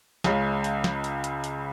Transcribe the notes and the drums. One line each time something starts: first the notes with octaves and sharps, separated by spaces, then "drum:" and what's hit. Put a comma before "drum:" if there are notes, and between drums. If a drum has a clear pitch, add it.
C#2 C#3 G#3, drum: snare
drum: hi-hat
drum: snare
drum: hi-hat
drum: hi-hat
drum: hi-hat